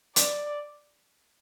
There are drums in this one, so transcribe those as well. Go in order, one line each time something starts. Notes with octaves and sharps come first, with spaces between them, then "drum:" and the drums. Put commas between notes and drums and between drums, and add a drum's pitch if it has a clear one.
D5, drum: hi-hat